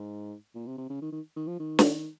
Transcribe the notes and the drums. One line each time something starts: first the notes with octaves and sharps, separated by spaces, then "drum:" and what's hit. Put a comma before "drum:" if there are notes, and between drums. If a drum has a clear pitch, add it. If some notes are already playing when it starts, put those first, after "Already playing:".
Already playing: G#2
A#2
C3
C3
C#3
D#3
D#3
D#3
F3
D#3
drum: snare